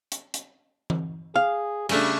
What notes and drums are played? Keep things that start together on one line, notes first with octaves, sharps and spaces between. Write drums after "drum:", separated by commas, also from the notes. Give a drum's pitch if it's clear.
drum: hi-hat
drum: hi-hat
drum: tom E3
G#4 F5
C#3 G3 A3 D4, drum: cymbal